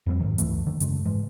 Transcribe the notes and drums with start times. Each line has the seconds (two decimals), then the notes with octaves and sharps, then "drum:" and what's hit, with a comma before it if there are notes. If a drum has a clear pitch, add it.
0.06 F2 G3 A#3 C4
0.19 G#1 G#2 D#3 F#3
0.38 C#2 F#2 E3 A3, drum: hi-hat
0.67 D3 D#3 A3
0.80 F#2 C#3 G#3, drum: hi-hat
1.05 G#2 E3 G#3